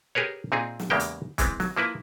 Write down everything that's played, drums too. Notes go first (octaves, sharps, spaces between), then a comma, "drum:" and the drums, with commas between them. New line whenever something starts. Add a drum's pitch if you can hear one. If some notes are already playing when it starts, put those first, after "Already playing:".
G4 G#4 A#4 B4 C#5
A#2 C4 D#4 G#4
drum: snare
E2 C#3 G#3 A#3 G4 G5
drum: hi-hat
E3 G#3 B3 C4, drum: kick, hi-hat
F#3, drum: snare
F3 A#3 E4 B4